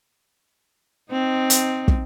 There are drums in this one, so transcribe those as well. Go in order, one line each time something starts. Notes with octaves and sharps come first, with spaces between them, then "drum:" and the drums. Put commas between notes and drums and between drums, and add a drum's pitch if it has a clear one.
C4 D#4
drum: hi-hat
drum: kick